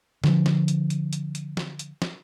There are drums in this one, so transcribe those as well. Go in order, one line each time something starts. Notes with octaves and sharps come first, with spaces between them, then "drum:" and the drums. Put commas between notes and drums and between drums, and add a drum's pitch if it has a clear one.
D3 F3, drum: snare
drum: snare
drum: hi-hat
drum: hi-hat
drum: hi-hat
drum: hi-hat
drum: snare
drum: hi-hat
drum: snare